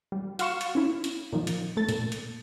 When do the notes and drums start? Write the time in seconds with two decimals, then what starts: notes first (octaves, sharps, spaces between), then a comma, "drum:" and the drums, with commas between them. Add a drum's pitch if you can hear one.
0.12 G3
0.39 F#4 F5 C6 C#6 E7, drum: hi-hat
0.61 drum: hi-hat
0.75 C#4 E4
1.04 drum: hi-hat
1.33 A#2 D#3 F3
1.47 drum: hi-hat
1.77 A3 A4 A6
1.89 A#2, drum: hi-hat
2.12 drum: hi-hat